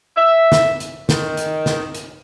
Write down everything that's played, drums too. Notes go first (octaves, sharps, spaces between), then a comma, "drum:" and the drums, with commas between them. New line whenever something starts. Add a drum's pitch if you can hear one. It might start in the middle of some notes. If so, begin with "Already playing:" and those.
E5
drum: snare
drum: hi-hat
D#3, drum: snare
drum: hi-hat
drum: snare
drum: hi-hat